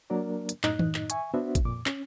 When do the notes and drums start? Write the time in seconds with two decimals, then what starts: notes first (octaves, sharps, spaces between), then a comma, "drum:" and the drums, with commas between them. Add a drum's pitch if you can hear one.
0.10 F#3 A#3 D4 A#4 D5
0.49 drum: hi-hat
0.63 F#2 A2 D#4 D#5 F#6, drum: clap
0.79 drum: tom D#3
0.94 drum: clap
1.10 E5 G#5 C#6, drum: hi-hat
1.34 B3 D4 F#4 C5 E5
1.55 drum: kick, hi-hat
1.65 F2 A#2 D6
1.86 C#4, drum: clap